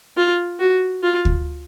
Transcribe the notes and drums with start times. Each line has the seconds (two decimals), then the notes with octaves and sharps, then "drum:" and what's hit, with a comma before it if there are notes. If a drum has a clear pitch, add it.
0.17 F4
0.60 F#4
1.04 F4
1.25 drum: kick D2